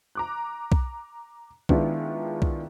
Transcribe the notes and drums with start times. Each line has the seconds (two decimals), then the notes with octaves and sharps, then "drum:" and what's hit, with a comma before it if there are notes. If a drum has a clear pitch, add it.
0.15 A#5 D6 F#6
0.72 drum: kick B1
1.69 D#3 G#3 B3 D4 E4 F4, drum: kick B1
2.42 drum: kick B1